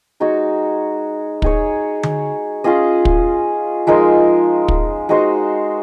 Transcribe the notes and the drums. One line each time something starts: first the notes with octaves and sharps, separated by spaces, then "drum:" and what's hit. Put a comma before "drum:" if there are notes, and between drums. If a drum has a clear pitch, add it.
G#3 D#4 F#4 C#5
D#4 G#4 C#5, drum: kick
drum: tom D3
C#4 F4 G#4 D#5
drum: kick
F3 G#3 D#4 A#4
drum: kick
G#3 D#4 F#4 C5